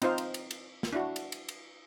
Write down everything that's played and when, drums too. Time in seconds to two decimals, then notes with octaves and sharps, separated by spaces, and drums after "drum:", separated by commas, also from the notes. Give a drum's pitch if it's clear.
0.02 C4 D#4 F4 C5 F5, drum: cymbal
0.18 drum: cymbal
0.34 drum: cymbal
0.51 drum: cymbal
0.83 drum: snare
0.93 D4 E4 F#4
1.16 drum: cymbal
1.32 drum: cymbal
1.49 drum: cymbal